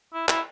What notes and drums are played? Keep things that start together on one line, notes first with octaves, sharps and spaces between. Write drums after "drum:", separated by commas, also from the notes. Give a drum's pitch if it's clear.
E4
E4, drum: clap